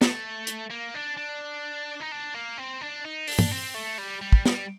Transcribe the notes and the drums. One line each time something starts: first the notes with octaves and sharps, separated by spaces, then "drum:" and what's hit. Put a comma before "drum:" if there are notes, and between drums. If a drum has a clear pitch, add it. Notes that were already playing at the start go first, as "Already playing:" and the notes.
A3, drum: snare
drum: hi-hat
A#3
D4
D4
D#4
D4
A#3
C4
D4
D#4
D4, drum: open hi-hat
drum: tom G2
C4
A3
G3
G3
drum: kick
G3, drum: snare